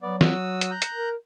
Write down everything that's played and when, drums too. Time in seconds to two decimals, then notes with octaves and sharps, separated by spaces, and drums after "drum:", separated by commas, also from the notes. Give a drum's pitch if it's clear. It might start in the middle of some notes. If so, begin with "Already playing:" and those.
0.02 F#3 B3 D5
0.21 F#4 D#6 E6, drum: snare
0.61 drum: hi-hat
0.71 A#5 F#6 G6
0.82 drum: hi-hat
0.94 A#4